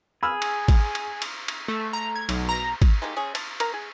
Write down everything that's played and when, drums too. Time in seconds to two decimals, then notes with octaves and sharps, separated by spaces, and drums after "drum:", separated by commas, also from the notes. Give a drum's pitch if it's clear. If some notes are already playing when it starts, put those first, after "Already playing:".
0.23 G#4 B5 E6 F6
0.42 drum: cymbal
0.68 drum: kick, cymbal
0.95 drum: cymbal
1.22 drum: cymbal
1.48 drum: cymbal
1.68 A3
1.93 A#5
2.16 G#6
2.29 B1, drum: cymbal
2.49 A#5
2.82 drum: kick, cymbal
3.02 G#3 A#3 D#4 G4
3.16 C#4 G#4
3.35 A5, drum: cymbal
3.60 A#4 A#5, drum: cymbal
3.74 G#4